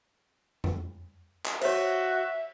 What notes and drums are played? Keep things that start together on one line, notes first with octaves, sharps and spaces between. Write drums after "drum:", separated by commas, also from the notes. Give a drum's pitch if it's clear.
drum: tom F2
drum: clap
F#4 C5 C#5 E5, drum: cymbal